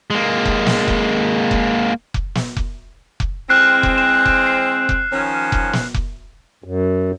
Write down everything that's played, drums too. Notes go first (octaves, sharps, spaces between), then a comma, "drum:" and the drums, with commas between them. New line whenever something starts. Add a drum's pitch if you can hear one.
G#3 A#3
drum: kick F1
drum: snare
drum: kick F1
drum: kick F1
drum: kick F1
drum: snare
drum: kick F1
drum: kick F1
E3 G#3 C4 F6 F#6 C7
drum: kick F1
E7
drum: kick F1
C7
drum: kick F1
D#3 F3 C#4
drum: kick F1
drum: snare
drum: kick F1
F#2